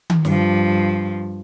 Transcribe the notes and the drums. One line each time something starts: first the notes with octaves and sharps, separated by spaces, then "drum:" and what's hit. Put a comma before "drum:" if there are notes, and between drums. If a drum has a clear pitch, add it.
drum: tom D#3
G2 F3, drum: snare